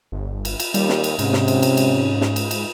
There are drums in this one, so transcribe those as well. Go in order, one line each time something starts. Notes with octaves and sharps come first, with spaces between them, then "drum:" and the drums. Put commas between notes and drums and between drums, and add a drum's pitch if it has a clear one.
G1
drum: cymbal
drum: cymbal
D#2 G3, drum: cymbal
drum: snare
drum: cymbal
G#2 C3 C#4, drum: cymbal
drum: snare
drum: cymbal
drum: cymbal
drum: cymbal
drum: snare
drum: cymbal
drum: cymbal